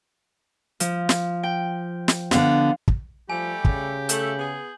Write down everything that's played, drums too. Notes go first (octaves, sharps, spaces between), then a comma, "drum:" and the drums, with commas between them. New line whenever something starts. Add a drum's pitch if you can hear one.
F3, drum: hi-hat
drum: snare
G5
drum: snare
D3 B3 F5, drum: snare
drum: kick
F3 G3 A3 G4 G#5
C#3, drum: kick
A3 G6 F#7, drum: hi-hat
B3 G#4